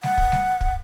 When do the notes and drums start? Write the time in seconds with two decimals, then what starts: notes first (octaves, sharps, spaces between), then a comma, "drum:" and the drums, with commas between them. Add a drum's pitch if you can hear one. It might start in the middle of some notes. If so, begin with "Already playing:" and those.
0.03 F#5, drum: snare G3
0.18 drum: kick
0.32 drum: snare G3
0.61 drum: kick